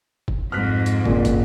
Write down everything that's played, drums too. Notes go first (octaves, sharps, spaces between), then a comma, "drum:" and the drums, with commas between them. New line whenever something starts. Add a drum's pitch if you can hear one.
drum: kick
F2 G#2 F6 F#6 B6
drum: hi-hat
F#1 A#2, drum: kick
drum: kick, hi-hat